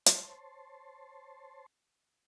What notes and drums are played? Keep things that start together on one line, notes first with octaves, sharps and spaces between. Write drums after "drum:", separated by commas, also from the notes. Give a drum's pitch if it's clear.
C5 C#5 A5 C6, drum: hi-hat